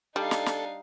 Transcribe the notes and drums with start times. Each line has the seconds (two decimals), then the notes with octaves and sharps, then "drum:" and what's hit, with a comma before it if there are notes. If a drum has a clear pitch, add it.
0.16 G3 D4 D#4 A4 F5
0.31 drum: snare
0.46 drum: snare